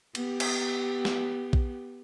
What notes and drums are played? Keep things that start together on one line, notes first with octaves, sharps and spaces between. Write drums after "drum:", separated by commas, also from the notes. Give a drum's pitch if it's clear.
B3 G4, drum: cymbal
drum: cymbal
drum: snare
drum: kick A#1